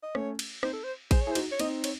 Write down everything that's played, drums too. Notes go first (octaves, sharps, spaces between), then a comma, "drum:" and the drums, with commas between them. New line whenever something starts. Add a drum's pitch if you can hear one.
D#5
A3 C#4 C#5, drum: rim click
drum: cymbal
C4 D#4 C5, drum: rim click
A4
C5
G#4 C5, drum: kick A#1, cymbal
C#5
E4 G#4
C5
D#4 F#4, drum: cymbal
C#5
C4 D#4 D#5, drum: cymbal
C#5, drum: cymbal